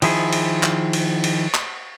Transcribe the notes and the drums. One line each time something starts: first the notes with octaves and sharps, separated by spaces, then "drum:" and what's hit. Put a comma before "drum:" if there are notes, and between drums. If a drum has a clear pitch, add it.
D#3 F3 E4 G#4, drum: cymbal
drum: cymbal
drum: clap
drum: cymbal
drum: cymbal
drum: clap